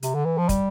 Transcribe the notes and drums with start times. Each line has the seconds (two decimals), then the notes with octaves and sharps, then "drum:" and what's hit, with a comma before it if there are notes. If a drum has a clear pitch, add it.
0.03 C3, drum: hi-hat
0.14 D3
0.25 E3
0.38 F3
0.49 G3, drum: kick, hi-hat